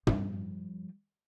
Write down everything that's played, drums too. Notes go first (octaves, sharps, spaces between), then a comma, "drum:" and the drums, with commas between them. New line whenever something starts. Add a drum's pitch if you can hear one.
F3 G3, drum: tom